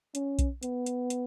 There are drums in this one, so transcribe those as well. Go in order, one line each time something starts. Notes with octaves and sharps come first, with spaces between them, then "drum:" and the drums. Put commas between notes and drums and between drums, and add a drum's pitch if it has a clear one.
C#4, drum: hi-hat
drum: kick B1, hi-hat
B3, drum: hi-hat
drum: hi-hat
drum: hi-hat